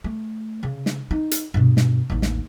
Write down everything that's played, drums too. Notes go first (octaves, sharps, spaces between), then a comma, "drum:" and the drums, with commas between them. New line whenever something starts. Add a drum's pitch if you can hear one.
A3
C#3
drum: snare
D#4
drum: hi-hat
G2 B2
drum: snare
A1 D#2
drum: snare